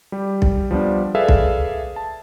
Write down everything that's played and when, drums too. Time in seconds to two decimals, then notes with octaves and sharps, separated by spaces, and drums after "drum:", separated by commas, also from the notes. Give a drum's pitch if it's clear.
0.12 G3 G4
0.42 drum: kick B1
0.71 F3 G3 B3 D4
1.15 G#4 A4 B4 D5 E5 F5
1.28 drum: kick B1
1.96 A5